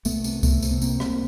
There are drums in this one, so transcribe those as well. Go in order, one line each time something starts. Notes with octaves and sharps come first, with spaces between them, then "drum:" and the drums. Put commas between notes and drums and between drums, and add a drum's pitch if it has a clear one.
C2 A3 B3, drum: tambourine
C3, drum: tambourine
C3 A3 B3, drum: kick C2, tambourine
C3, drum: tambourine
B3
C2 A#3 C4, drum: tambourine
C2, drum: rim click